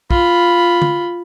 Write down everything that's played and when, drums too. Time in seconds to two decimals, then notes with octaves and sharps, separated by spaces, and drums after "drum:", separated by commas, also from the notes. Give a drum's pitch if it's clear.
0.11 F4 B5, drum: kick
0.82 drum: tom